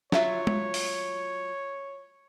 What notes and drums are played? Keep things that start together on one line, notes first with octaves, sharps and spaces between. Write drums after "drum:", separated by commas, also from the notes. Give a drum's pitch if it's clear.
F#3 F4 C#5 E5, drum: snare
drum: tom
drum: open hi-hat